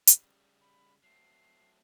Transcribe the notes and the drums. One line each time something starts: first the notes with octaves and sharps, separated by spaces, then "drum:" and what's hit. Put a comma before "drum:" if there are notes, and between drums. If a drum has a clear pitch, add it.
C#3 G3, drum: hi-hat
B5
F#3 A3 C4 C7